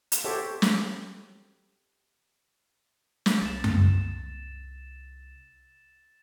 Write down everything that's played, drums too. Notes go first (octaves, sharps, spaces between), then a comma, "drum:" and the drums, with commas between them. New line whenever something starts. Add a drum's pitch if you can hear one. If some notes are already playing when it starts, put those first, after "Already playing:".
drum: hi-hat
F#4 G4 A4 C5 C#5 E5
drum: snare
drum: snare
C2 A6 E7
drum: tom F#2